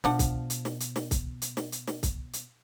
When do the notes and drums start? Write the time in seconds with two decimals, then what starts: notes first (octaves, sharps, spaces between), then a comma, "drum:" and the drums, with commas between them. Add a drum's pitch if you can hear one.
0.04 B2 F3 D4 F#5, drum: snare
0.19 drum: kick C2, hi-hat
0.50 drum: hi-hat
0.65 drum: snare
0.80 drum: hi-hat
0.96 drum: snare
1.11 drum: kick C2, hi-hat
1.42 drum: hi-hat
1.57 drum: snare
1.72 drum: hi-hat
1.87 drum: snare
2.03 drum: kick C2, hi-hat
2.33 drum: hi-hat